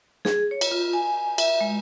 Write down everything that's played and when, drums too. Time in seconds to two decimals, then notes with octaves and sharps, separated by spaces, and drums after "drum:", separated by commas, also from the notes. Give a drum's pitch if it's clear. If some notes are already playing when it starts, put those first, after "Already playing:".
0.25 G#4, drum: snare
0.51 C#5
0.61 drum: cymbal
0.72 F4
0.93 G#5
1.38 E5, drum: cymbal
1.61 G#3